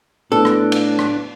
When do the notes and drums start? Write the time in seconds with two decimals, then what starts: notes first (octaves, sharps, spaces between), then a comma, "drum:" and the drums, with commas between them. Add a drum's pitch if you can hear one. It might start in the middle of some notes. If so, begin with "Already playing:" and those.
0.32 A2 B3 D4 A4
0.45 drum: rim click
0.72 drum: cymbal
0.99 drum: rim click